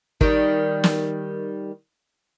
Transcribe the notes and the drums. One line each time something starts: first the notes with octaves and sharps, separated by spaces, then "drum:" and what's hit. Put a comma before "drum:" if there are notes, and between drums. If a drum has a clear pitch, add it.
D#3 G3, drum: kick
drum: snare